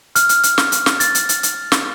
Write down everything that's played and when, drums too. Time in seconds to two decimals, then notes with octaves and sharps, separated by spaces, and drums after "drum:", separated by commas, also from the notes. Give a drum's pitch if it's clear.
0.16 F6, drum: hi-hat
0.29 drum: hi-hat
0.43 drum: hi-hat
0.58 drum: snare
0.72 drum: hi-hat
0.86 drum: snare
1.00 A6, drum: hi-hat
1.15 drum: hi-hat
1.29 drum: hi-hat
1.43 drum: hi-hat
1.72 drum: snare